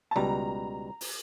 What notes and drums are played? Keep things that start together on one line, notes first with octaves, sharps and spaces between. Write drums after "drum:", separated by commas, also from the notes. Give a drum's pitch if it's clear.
A5
C#2 B2 G3 A#5
drum: open hi-hat